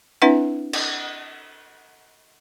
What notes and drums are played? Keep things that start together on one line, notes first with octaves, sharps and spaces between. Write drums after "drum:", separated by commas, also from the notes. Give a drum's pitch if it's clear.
C4 D4 E4 B4 E5 F#5
drum: cymbal